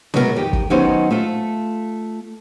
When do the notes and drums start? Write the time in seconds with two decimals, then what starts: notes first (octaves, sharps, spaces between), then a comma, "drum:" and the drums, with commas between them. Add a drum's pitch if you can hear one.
0.14 F#3 G#3 A3 B3 F4 A#4, drum: tom
0.36 F2 D#3 G4
0.53 drum: kick
0.70 D#3 F#3 B3 C#4 D#4 C5
1.11 A3 F4 A4